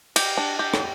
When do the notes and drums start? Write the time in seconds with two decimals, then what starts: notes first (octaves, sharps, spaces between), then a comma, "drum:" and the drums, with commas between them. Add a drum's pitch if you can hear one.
0.16 G4, drum: cymbal
0.37 D4
0.59 G4
0.74 drum: rim click